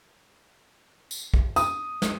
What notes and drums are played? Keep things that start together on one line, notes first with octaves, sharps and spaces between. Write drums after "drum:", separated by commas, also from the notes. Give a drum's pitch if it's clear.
drum: tambourine
drum: kick
D#6, drum: tambourine
drum: snare